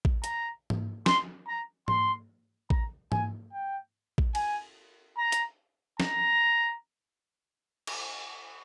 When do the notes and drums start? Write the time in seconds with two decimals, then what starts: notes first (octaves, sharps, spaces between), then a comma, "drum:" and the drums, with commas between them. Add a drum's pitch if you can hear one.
0.05 drum: kick A1
0.24 A#5, drum: hi-hat
0.70 drum: tom G#2
1.06 C6, drum: snare
1.48 A#5
1.88 C6, drum: tom G#2
2.70 A#5, drum: kick A1
3.12 G#5, drum: tom G#2
3.53 G5
4.18 drum: kick A1
4.35 G#5, drum: cymbal
5.17 A#5
5.32 drum: hi-hat
6.00 A#5, drum: snare
7.87 drum: cymbal